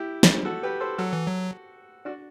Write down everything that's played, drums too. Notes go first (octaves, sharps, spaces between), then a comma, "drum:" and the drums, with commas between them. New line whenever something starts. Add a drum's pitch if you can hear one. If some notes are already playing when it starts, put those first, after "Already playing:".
Already playing: E4 G4
drum: snare
F#4 A4
G4 B4
A4 C5
F#3 F#4 A4
E3
F#3
D4 F#4